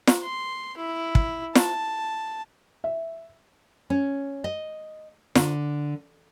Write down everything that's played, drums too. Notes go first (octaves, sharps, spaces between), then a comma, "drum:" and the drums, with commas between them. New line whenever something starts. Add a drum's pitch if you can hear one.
drum: snare
C6
E4
drum: kick
A5, drum: snare
E5
C#4
D#5
D3, drum: snare